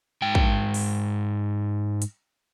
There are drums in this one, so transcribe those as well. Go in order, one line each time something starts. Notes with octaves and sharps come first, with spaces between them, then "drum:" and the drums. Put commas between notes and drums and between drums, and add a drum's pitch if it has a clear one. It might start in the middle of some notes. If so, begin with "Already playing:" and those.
G#2 G5
drum: kick
drum: open hi-hat
drum: hi-hat